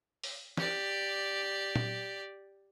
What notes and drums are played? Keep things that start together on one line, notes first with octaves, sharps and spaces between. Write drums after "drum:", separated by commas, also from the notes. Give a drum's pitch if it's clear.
drum: open hi-hat
G4 D5, drum: snare
drum: tom